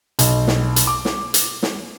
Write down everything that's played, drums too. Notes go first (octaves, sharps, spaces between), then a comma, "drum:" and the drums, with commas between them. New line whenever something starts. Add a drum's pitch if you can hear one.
B1, drum: hi-hat
drum: snare
drum: hi-hat
D6
drum: snare
drum: hi-hat
drum: snare